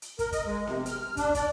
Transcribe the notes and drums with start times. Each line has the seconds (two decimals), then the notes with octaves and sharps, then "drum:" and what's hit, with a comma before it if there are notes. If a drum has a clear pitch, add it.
0.02 drum: hi-hat
0.19 A#4, drum: kick, hi-hat
0.32 D#5, drum: kick, hi-hat
0.46 G#3
0.67 C3, drum: snare B3
0.86 F6, drum: hi-hat
1.17 D4, drum: kick, hi-hat
1.35 D5, drum: kick, hi-hat